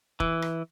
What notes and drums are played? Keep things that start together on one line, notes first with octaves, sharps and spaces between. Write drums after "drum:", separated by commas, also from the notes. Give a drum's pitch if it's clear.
E3, drum: kick
drum: rim click